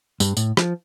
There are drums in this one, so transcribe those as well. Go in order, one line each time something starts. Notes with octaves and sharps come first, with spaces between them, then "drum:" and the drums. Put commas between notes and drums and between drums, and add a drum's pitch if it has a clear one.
G2, drum: tambourine
A2, drum: tambourine
F3, drum: rim click